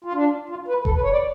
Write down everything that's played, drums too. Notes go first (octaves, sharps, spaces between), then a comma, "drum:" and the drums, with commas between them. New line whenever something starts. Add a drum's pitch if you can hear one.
F4
D4
F4
B4
A4, drum: kick F1
B4
C#5
D5